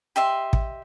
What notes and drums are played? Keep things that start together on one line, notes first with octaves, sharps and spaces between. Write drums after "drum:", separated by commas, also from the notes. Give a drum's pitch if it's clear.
G4 D#5 E5 C6
drum: kick